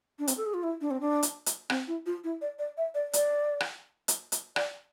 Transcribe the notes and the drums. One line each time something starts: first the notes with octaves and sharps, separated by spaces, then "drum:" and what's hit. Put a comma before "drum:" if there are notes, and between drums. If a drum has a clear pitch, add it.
D4
C4, drum: hi-hat
A4
G#4
F4
E4
D4
C4
D4
drum: hi-hat
drum: hi-hat
C4, drum: rim click
E4
F4
E4
D5
D5
E5
D5
D5, drum: hi-hat
drum: rim click
drum: hi-hat
drum: hi-hat
D5, drum: rim click